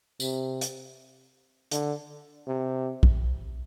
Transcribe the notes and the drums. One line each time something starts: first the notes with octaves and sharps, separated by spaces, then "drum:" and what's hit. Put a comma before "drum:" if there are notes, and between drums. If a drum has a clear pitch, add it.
C3, drum: tambourine
drum: hi-hat
D3, drum: hi-hat
C3
drum: kick A#1